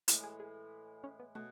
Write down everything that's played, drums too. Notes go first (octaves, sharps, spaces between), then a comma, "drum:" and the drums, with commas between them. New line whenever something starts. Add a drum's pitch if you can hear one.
A2 E3 G#3 E4, drum: hi-hat
G#4
G#4
C#4
B3
B2 A3